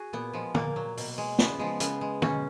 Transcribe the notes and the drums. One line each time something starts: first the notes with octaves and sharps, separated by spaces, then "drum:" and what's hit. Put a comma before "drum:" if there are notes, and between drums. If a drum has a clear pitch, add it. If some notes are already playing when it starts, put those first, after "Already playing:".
Already playing: F#4 G#4
A#2 B3
F3 G#3
A#2 A#3, drum: tom
F#3
B2, drum: open hi-hat
G#3
C#3 B3, drum: snare
F3 G#3
C#3 B3, drum: hi-hat
G#3
B2 C#4, drum: tom